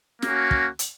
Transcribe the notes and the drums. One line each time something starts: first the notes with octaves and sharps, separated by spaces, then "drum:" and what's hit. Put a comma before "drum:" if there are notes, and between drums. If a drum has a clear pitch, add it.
A#3 C#4 F#4, drum: snare
drum: kick
drum: hi-hat